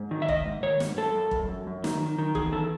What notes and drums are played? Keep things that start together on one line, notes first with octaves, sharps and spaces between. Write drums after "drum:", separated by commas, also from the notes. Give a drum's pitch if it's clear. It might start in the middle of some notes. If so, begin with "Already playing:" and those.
Already playing: G#2
D#3
E5
D#3 D#5, drum: kick F1
G#2
D#3 C#5
G#2, drum: snare
F#2 A4
F#2
F#2, drum: kick F1
F#2
F#2
D#3, drum: snare
D#3
D#3
E2 G#4, drum: kick F1
E2 A4